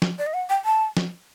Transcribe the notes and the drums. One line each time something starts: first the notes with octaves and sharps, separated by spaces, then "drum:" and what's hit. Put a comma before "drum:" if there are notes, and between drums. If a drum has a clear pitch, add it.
drum: snare F3
D5
D#5
F#5
G5
A5
drum: snare F3